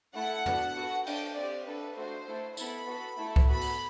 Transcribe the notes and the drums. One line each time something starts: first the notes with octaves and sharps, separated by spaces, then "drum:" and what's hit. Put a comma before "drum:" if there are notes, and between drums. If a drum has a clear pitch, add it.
A3 E4 A4 F#5
B3 D4 F#4 A4, drum: tom
B3 F#4 A4
D4 A4 G5, drum: cymbal
C4 G4 D5
D4 A4 B4
A3 D4 F#4 A4 C5
A3 E4 A4
B3 E4 A4 B5, drum: tambourine
B3 F#4 A4
A3 E4 A4
drum: kick C2
B3 F#4 A4 B5
drum: cymbal